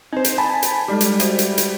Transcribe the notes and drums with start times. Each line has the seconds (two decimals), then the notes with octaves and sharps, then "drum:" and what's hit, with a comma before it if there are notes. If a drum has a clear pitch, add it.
0.13 C4 D#4 C5
0.24 drum: hi-hat
0.38 G#5 A5 B5
0.63 drum: hi-hat
0.88 G3 G#3 D#4 A4
1.01 drum: hi-hat
1.20 F#4 C5 E5, drum: hi-hat
1.39 drum: hi-hat
1.58 drum: hi-hat